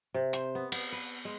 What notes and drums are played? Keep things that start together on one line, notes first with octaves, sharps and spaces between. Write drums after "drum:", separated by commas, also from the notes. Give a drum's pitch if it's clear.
C3
C5, drum: hi-hat
B3
B3, drum: cymbal
B4
G#3